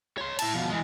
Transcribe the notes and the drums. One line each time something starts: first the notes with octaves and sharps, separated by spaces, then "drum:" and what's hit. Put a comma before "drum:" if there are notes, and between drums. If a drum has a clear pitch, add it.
C#5 C6
E4 A5, drum: cymbal
B2 F3
E3 G#3